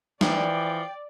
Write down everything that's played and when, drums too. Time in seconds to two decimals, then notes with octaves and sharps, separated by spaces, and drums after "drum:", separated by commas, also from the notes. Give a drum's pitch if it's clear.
0.21 E3 F3 D5 G5, drum: snare